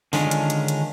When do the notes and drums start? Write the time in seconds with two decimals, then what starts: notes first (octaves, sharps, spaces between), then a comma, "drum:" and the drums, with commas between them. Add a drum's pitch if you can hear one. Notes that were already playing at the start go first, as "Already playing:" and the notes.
0.13 D3 D#3 G#3 C#4 D4 F4, drum: open hi-hat
0.31 drum: hi-hat
0.50 drum: hi-hat
0.68 drum: hi-hat